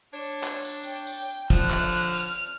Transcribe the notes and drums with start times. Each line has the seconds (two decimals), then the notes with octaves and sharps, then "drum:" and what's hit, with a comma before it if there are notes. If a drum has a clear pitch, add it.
0.13 D4 C#5
0.43 drum: clap
0.65 drum: tambourine
0.84 G5, drum: tambourine
1.07 drum: tambourine
1.50 D3 F3 F#6, drum: kick, tambourine
1.71 drum: clap
1.92 drum: tambourine
2.13 F6, drum: tambourine